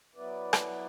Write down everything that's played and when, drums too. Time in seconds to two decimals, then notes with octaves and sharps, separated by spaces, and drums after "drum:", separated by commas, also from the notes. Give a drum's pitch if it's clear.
0.15 F#3 B3 E4 B4 D5
0.53 drum: rim click